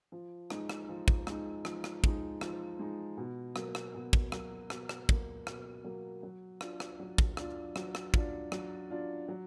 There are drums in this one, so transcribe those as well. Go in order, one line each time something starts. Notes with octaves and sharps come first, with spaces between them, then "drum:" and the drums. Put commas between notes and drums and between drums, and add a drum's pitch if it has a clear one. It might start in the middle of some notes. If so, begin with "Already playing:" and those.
F3
G#3 D#4, drum: rim click
drum: rim click
F3
drum: kick
G#3 D#4, drum: rim click
F3, drum: rim click
drum: rim click
G#3 D#4, drum: kick
F3, drum: rim click
G#3 D#4
B2
F#3 A#3, drum: rim click
drum: rim click
B2
drum: kick
F#3 A#3, drum: rim click
B2, drum: rim click
drum: rim click
F#3 A#3, drum: kick
B2, drum: rim click
F#3 A#3
F#3
D4 F4, drum: rim click
drum: rim click
F#3
drum: kick
D4 F4, drum: rim click
F#3, drum: rim click
drum: rim click
D4 F4, drum: kick
F#3, drum: rim click
D4 F4
F#3